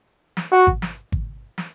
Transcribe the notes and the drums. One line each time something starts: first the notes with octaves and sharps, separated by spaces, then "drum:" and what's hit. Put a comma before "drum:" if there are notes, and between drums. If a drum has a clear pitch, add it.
drum: snare
F#4
drum: kick G#1
drum: snare
drum: kick G#1
drum: snare